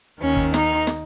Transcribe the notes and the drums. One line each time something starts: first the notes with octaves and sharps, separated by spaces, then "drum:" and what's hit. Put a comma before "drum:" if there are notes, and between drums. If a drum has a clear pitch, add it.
D#2 D#3 C#4
drum: kick G1
D#4, drum: snare
drum: snare